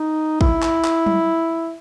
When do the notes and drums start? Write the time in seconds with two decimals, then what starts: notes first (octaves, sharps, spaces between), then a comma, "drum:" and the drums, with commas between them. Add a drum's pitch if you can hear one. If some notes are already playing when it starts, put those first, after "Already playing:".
Already playing: D#4
0.41 E4, drum: kick
0.62 drum: clap
0.84 drum: clap
1.06 drum: tom F#3